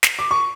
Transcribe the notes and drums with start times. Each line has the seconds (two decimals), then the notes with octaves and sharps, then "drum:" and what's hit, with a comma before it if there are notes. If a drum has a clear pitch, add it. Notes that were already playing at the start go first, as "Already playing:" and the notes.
0.03 drum: snare
0.19 D6
0.31 C#6